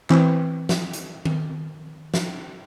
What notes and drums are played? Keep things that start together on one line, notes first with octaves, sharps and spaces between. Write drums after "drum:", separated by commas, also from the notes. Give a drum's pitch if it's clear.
E3 C4, drum: clap
drum: snare
drum: hi-hat
drum: tom D#3
drum: snare